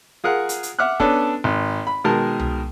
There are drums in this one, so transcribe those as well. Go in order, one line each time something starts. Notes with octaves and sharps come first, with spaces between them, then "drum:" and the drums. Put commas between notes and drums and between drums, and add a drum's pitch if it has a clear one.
F4 G#4 A#4 F#5
drum: hi-hat
drum: hi-hat
E5 F#5 D6 F6 F#6
B3 C#4 D4 A4, drum: kick
G#1
B5
B2 D#3 G#3 A#4 A5
drum: tom C2